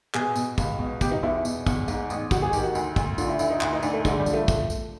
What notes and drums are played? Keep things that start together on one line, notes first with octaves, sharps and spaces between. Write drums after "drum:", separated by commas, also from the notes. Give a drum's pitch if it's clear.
B2 G#4, drum: clap
B2, drum: tambourine
C#2, drum: kick, tambourine
B2
B2 G4, drum: kick, tambourine
D#4
E2 E4
B2, drum: tambourine
E2, drum: kick, tambourine
G#2, drum: tambourine
A1, drum: tambourine
A1 F#4, drum: kick, tambourine
G#4
D#3 G4, drum: tambourine
F#4
D2, drum: tambourine
D2, drum: kick, tambourine
D3 F4, drum: tambourine
E4
D2 E4, drum: tambourine
D#4
D2 E4, drum: clap
D#4
D2 D4, drum: tambourine
A3
D3 G#3, drum: kick, tambourine
G3
F3, drum: tambourine
A3
drum: kick, tambourine
drum: tambourine